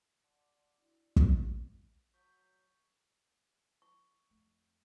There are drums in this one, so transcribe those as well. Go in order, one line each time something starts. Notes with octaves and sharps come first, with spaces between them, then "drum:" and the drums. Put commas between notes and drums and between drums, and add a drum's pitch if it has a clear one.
D5 F#5 A5 C6 D6
D4 E4 F#4 D5
drum: kick
F#3 C#6 G6 B6
C#6
F2 A3